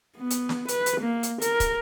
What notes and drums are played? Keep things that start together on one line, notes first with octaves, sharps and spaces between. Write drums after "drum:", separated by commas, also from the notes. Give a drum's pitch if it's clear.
B3
drum: hi-hat
drum: snare
B4, drum: hi-hat
drum: hi-hat
A#3
drum: hi-hat
A#4, drum: hi-hat
drum: kick, hi-hat